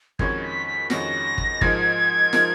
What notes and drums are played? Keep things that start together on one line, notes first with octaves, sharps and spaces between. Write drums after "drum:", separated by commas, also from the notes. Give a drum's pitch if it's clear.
F2 D#3 G#3 C#4 F#4 G#6, drum: kick
B6
B6
F2 D#3 G#3 C#4 F#4 A#6, drum: snare
drum: kick
G#2 F3 G#3 D#4 A#4 G#6, drum: kick
F3 G#3 D#4 A#4, drum: snare